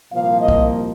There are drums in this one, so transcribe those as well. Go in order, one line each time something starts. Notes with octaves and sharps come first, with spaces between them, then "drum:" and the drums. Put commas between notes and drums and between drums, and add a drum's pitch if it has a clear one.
C2 A#2 F3 A#3 F5
D#5
drum: kick B1